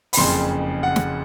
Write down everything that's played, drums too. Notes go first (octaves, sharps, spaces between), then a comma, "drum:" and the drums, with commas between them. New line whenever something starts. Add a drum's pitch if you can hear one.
B5, drum: open hi-hat
F#1 F2 C#3 C6
F#5
drum: snare